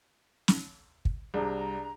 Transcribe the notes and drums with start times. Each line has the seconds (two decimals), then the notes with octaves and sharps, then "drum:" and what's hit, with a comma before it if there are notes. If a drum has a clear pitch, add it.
0.48 drum: snare
1.05 drum: kick
1.34 C2 C3 D4 G#4 A#5